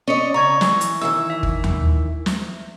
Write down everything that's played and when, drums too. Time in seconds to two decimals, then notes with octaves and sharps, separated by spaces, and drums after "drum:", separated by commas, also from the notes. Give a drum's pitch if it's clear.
0.08 C#4 D5 D#5 C#7
0.34 C#3 A#5 C#6 G#6
0.61 E3, drum: snare
0.81 drum: hi-hat
1.01 D#3 E3 E4 E6
1.30 E5
1.43 drum: kick G1
1.64 drum: tom
2.26 drum: snare